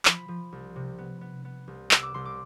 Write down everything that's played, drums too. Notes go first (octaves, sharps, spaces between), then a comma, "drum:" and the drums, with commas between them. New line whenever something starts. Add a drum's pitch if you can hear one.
F3 B5, drum: clap
F3
C2
C3
B3
B3
B3
C2
B3 E6, drum: clap
D6
C2 C6
D6